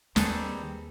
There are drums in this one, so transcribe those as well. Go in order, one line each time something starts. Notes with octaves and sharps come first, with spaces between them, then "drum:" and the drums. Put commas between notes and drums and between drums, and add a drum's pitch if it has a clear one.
D#2 D#3 G3 C4 G#4 A4 B4, drum: snare